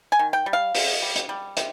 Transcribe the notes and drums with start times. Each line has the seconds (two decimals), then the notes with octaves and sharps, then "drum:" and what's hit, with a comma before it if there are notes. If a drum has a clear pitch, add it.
0.12 G#5
0.19 D#3
0.33 G5
0.46 G3
0.53 F5
0.75 C3, drum: open hi-hat
1.02 G3
1.16 drum: hi-hat
1.29 G3
1.57 C3, drum: hi-hat